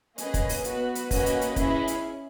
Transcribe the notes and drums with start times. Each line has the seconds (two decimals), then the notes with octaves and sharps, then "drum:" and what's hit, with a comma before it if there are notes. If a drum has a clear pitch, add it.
0.18 A#3 C#4 G#4 B4 D#5, drum: hi-hat
0.34 drum: kick, hi-hat
0.49 drum: open hi-hat
0.64 B3 F#4 B4, drum: hi-hat
0.95 drum: hi-hat
1.11 A#3 C#4 F#4 B4 D#5, drum: kick, open hi-hat
1.26 drum: hi-hat
1.41 drum: hi-hat
1.56 C#4 E4 G#4, drum: kick, hi-hat
1.88 drum: hi-hat